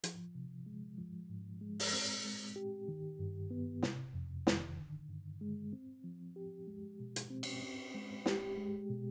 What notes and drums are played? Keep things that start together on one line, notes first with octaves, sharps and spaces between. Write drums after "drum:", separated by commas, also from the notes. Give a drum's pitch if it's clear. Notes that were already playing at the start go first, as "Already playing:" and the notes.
F3, drum: hi-hat
C3
G#3
F3
G#2
G#3
drum: open hi-hat
C4
G#3
G4
D#3
G2
B3
C3, drum: snare
F2
D#3, drum: snare
D3
G2
G#3
C4
F3
G4
G#3
B2
drum: hi-hat
C4
drum: cymbal
C4
G#3
G4, drum: snare
G#3
B2